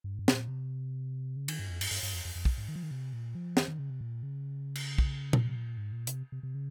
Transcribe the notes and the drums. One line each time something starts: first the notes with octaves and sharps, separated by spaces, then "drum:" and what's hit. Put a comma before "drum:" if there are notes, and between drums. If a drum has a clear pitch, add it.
G2
G#2
G2
C3, drum: snare
A#2
C3
C#3
D#3, drum: cymbal
G2
F2
G2, drum: cymbal
G2, drum: open hi-hat
G2
F2
F2
F2
drum: kick
G#2
D#3
F3
D#3
C3
A#2
F3
D#3, drum: snare
D#3
C#3
C3
A#2
C#3
drum: cymbal
drum: kick
C3, drum: tom A#2
A#2
G#2
A#2
C3, drum: hi-hat
C3
C3
C#3